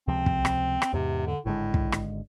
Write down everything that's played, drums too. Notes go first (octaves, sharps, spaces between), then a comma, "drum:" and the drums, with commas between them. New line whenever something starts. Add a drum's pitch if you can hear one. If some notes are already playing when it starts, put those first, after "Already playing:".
C#2 C3 F3 C4
drum: kick
drum: rim click
drum: rim click
E2 G#2 C3
D3
G#1 A2 D3 G#3
drum: kick
drum: rim click